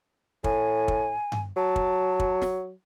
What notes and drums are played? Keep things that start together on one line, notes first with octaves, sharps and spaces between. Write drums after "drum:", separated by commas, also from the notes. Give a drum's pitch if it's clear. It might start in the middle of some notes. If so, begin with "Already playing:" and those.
A2 G#5, drum: kick
drum: kick
drum: tom G2
F#3 A5
drum: kick
drum: kick
drum: snare